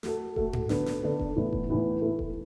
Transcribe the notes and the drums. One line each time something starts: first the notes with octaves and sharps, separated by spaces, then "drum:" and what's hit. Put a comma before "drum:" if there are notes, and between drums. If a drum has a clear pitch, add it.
A3 F#4 A4, drum: snare
A3 F#4 A4, drum: kick E1
drum: tom G#2
D3 B3 D4 A4, drum: snare
drum: snare
D3 B3 D4 A4
drum: kick E1
A2 E3 B3 E4
drum: kick E1
A2 E3 B3 E4
A3 E4 A4
drum: kick E1